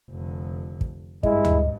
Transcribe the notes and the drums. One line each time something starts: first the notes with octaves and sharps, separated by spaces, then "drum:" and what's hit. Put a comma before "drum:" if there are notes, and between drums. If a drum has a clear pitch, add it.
F1 D3
drum: kick
G#1 G2 G#3 E4 D#5, drum: kick
drum: tom D2